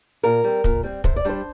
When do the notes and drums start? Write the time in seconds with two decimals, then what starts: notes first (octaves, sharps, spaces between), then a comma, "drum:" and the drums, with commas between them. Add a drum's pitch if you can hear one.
0.23 A#2 A#4
0.44 G3 C4
0.64 A#2, drum: kick
0.83 G3 C4
1.04 C3 C5, drum: kick
1.16 D5
1.25 G3 D4 C5